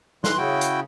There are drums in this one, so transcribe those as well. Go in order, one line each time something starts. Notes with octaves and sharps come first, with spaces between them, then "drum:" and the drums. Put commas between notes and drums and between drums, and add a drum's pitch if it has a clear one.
E3 C6 F#6, drum: snare
C#3 E4 F#4 G5
drum: hi-hat